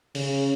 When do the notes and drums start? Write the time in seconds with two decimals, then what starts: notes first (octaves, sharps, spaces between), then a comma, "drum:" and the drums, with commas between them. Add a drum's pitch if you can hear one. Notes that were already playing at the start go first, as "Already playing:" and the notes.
0.15 C#3, drum: open hi-hat